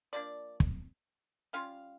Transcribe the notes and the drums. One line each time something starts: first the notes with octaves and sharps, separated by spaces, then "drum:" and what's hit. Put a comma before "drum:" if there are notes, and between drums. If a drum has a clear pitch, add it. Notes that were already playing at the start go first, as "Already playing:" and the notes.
F3 A#3 D4 D5
drum: kick
G3 C#4 F4 F5